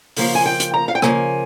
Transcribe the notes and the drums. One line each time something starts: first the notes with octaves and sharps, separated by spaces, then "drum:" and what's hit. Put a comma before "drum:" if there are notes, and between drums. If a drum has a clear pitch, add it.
C#3 F3 A#3 F5, drum: open hi-hat
G#5
G5
drum: hi-hat
A#5
F5
G5
C#3 F3 A#3 G#5, drum: rim click